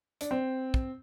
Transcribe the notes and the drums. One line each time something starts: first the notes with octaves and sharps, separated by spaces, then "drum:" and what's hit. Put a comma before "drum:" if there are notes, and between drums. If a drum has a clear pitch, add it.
D4, drum: hi-hat
C4
drum: kick